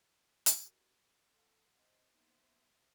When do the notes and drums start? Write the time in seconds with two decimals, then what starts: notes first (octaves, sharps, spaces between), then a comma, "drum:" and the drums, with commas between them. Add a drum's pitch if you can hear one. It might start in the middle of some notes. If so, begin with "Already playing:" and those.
0.46 drum: hi-hat
0.67 F#4 G4 A#4
1.34 A4 F5 F#5 C6
1.76 C4 C5 D#5
2.14 A#3 B3 D#4 C5 E5